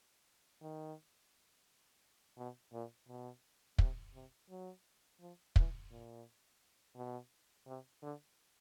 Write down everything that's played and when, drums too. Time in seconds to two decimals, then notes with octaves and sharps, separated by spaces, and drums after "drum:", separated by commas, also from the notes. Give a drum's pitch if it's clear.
0.61 D#3
2.38 B2
2.73 A#2
3.08 B2
3.78 C3, drum: kick
4.14 C3
4.50 F#3
5.20 F3
5.56 E3, drum: kick
5.91 A#2
6.95 B2
7.66 C3
8.02 D3